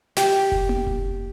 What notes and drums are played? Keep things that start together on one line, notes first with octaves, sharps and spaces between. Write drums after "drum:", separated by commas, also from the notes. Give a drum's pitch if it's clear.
G4, drum: snare
drum: kick F1
drum: tom A#3
drum: kick F1